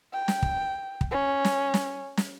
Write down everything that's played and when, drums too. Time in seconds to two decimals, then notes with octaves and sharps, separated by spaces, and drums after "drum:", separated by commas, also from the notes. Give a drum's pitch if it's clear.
0.13 G5
0.28 drum: snare
0.42 drum: kick
1.01 drum: kick
1.11 C#4
1.45 drum: snare
1.74 drum: snare
2.17 drum: snare